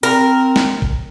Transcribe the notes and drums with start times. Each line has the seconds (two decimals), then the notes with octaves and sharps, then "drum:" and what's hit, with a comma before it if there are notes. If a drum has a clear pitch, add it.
0.03 C4 A#4
0.56 drum: snare
0.82 drum: kick